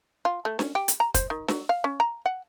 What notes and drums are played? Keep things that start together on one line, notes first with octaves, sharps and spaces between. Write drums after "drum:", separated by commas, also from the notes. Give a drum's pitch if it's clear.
F4
A3
C#4, drum: snare
G4
drum: hi-hat
A#5
C5, drum: kick, hi-hat
D#3
F#3, drum: snare
F5
C#4
A#5
F#5